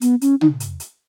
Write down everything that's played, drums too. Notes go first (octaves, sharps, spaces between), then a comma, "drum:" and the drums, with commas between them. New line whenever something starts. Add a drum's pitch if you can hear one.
B3, drum: hi-hat
C#4, drum: hi-hat
D#4, drum: tom
drum: hi-hat
drum: hi-hat